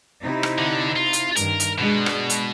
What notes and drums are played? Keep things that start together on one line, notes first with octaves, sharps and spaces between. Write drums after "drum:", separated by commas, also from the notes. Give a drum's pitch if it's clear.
C3 D#4 E4
drum: rim click
D3
F4
drum: hi-hat
G2 D#3 A#4, drum: hi-hat
drum: hi-hat
B2 G#3 D4
drum: rim click
drum: hi-hat